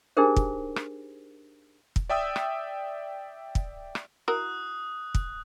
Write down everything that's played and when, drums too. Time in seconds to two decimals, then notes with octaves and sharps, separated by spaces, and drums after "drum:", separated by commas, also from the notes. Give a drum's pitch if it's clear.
0.17 D4 D#4 G4 G#4 A#4 C5
0.36 drum: kick
0.76 drum: rim click
1.96 drum: kick
2.10 D5 E5 G5 D#6 E6
2.36 drum: rim click
3.55 drum: kick
3.95 drum: rim click
4.28 E4 F#4 A#4 D#6 F#6
5.15 drum: kick